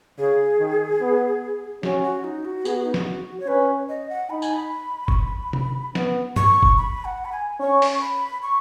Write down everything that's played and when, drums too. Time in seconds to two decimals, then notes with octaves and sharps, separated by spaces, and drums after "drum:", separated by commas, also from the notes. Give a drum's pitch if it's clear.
0.18 C#3 G#4
0.59 D#3
1.01 B3
1.83 C#4 F#4, drum: snare
2.03 F#4
2.24 D#4
2.45 F#4
2.65 B3 G#4, drum: tambourine
2.75 F#4
2.84 D#4
2.94 F#4, drum: snare
3.40 C#5
3.47 C#4 B4
3.89 D#5
4.10 F#5
4.30 D#4 B5
4.42 G#5, drum: tambourine
4.54 B5
5.08 C#6, drum: kick F#1
5.12 B5
5.53 drum: tom C3
5.95 B3, drum: snare
6.36 C#6, drum: tom G2
6.63 drum: kick F#1
6.78 B5
7.05 F#5
7.25 B5
7.32 G#5
7.60 C#4 C#6
7.82 drum: open hi-hat
8.01 B5
8.42 C#6